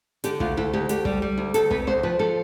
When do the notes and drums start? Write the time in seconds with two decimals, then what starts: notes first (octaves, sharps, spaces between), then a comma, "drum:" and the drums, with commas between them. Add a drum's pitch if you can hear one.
0.24 D3 G4, drum: hi-hat
0.40 D2 F4, drum: kick
0.57 D2 E4
0.73 D2 G4
0.89 D2 G4, drum: hi-hat
1.05 G3, drum: kick
1.22 G3
1.38 D2
1.54 D2 A4, drum: hi-hat
1.71 C3 B4, drum: kick
1.87 D2 C5
2.03 F3 B4
2.19 F3 A4